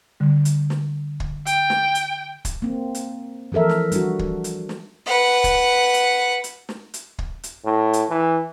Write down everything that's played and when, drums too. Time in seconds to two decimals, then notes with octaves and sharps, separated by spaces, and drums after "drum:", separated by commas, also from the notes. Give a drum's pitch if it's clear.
0.20 D3 G3
0.45 drum: hi-hat
0.70 drum: snare
1.20 drum: kick
1.47 G5, drum: hi-hat
1.70 drum: snare
1.95 drum: hi-hat
2.45 drum: kick, hi-hat
2.62 A#3 C4
2.95 drum: hi-hat
3.52 E3 F3 A4 A#4 E5
3.69 drum: snare
3.92 G3 D4 F#4, drum: hi-hat
4.19 drum: kick
4.44 drum: hi-hat
4.69 drum: snare
5.06 B4 F#5
5.44 drum: kick, hi-hat
5.94 drum: hi-hat
6.44 drum: hi-hat
6.69 drum: snare
6.94 drum: hi-hat
7.19 drum: kick
7.43 drum: hi-hat
7.65 A2
7.93 drum: hi-hat
8.09 E3